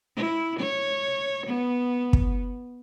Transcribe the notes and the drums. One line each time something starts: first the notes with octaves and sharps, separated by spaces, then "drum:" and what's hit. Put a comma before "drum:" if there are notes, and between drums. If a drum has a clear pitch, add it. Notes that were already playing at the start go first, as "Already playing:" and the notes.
E4
C#5
B3
drum: kick